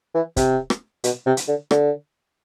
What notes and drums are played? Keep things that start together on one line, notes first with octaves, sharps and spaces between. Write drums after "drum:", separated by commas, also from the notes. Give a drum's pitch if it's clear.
E3
C3, drum: kick, hi-hat
drum: rim click
B2, drum: hi-hat
C3
drum: hi-hat
D3
D3, drum: rim click